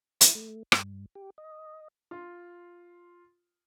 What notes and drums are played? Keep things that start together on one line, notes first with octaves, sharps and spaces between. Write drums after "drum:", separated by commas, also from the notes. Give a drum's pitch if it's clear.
E4, drum: hi-hat
A3
G2, drum: rim click
G4
D#5
F4 C6